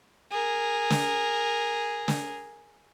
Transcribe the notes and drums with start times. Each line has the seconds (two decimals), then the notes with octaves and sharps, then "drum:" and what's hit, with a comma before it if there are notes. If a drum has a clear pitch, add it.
0.32 G#4 A#4
0.90 drum: snare
2.08 drum: snare